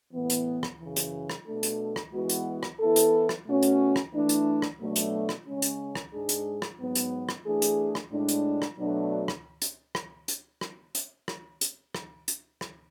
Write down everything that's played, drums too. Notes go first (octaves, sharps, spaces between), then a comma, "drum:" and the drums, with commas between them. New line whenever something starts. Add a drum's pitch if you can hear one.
A2 E3 B3
drum: hi-hat
drum: rim click
F#2 C#3 E3
drum: hi-hat
drum: rim click
B2 A3 D4 A4
drum: hi-hat
drum: rim click
E3 G#3 B3 F#4
drum: hi-hat
drum: rim click
E3 B3 E4 A4
drum: hi-hat
drum: rim click
B2 A3 C#4 F#4
drum: hi-hat
drum: rim click
E3 A3 D4
drum: hi-hat
drum: rim click
B2 F#3 A3 D4
drum: hi-hat
drum: rim click
C#3 G#3 C#4
drum: hi-hat
drum: rim click
G#2 G#3 D4 G#4
drum: hi-hat
drum: rim click
G#2 F#3 B3
drum: hi-hat
drum: rim click
E3 A3 D4 G#4
drum: hi-hat
drum: rim click
A2 G#3 D4
drum: hi-hat
drum: rim click
B2 F#3 A3 D4
drum: rim click
drum: hi-hat
drum: rim click
drum: hi-hat
drum: rim click
drum: hi-hat
drum: rim click
drum: hi-hat
drum: rim click
drum: hi-hat
drum: rim click